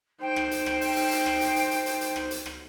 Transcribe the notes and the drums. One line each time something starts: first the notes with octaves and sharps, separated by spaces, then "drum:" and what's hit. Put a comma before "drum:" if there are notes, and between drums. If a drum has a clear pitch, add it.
D#4 C5 G5
drum: rim click
drum: hi-hat
drum: rim click
drum: open hi-hat
drum: open hi-hat
drum: hi-hat
drum: rim click
drum: hi-hat
drum: hi-hat
drum: hi-hat
drum: hi-hat
drum: hi-hat
drum: rim click
drum: hi-hat
drum: rim click